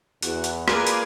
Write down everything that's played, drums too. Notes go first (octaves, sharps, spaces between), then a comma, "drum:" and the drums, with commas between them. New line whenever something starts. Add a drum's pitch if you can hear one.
E2 F#4, drum: hi-hat
drum: hi-hat
A#3 F4 G#4 A#4 B4 D5 G#5, drum: rim click
drum: hi-hat